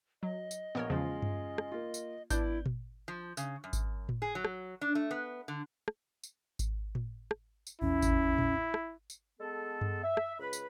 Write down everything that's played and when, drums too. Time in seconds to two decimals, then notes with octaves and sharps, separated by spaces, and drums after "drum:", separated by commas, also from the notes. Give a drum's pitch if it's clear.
0.23 F#3 D#5
0.51 drum: tambourine
0.75 A#1 B3 A#4 C#5
0.90 E2 C#3 F3 G#3 C#4 F4
1.22 drum: tom G2
1.58 drum: rim click
1.72 A#3 F4
1.94 drum: tambourine
2.30 B3 D4 E4 D5 G6, drum: kick G#1, tambourine
2.66 drum: tom A#2
3.08 F3
3.37 C#3, drum: tambourine
3.64 F#2
3.73 drum: kick G#1, tambourine
4.09 drum: tom A2
4.22 G#4
4.35 F#3
4.45 drum: rim click
4.81 D4
4.95 A3
5.11 B3
5.48 D3
5.88 drum: rim click
6.23 drum: tambourine
6.59 drum: kick G#1, tambourine
6.95 drum: tom A2
7.31 drum: rim click
7.67 drum: tambourine
7.81 A#1 E2 C#4 E4
8.02 drum: kick G#1, tambourine
8.38 drum: tom A2
8.74 drum: rim click
9.10 drum: tambourine
9.39 G#3 B3 A4
9.81 drum: tom G2
10.03 E5
10.17 drum: rim click
10.39 C#2 B4 B5
10.53 drum: tambourine